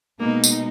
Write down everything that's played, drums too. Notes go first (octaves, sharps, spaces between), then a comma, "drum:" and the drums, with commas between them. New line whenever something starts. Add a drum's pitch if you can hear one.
B2 G#3 A#3 D#4
drum: tambourine